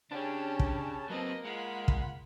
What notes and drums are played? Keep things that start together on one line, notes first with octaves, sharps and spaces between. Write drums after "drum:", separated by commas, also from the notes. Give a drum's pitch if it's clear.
C#3 C#4 D4 G4 A5
drum: kick
F#3 A#3 C4 B4 D#5
G#3 F4 F#5 B5
drum: kick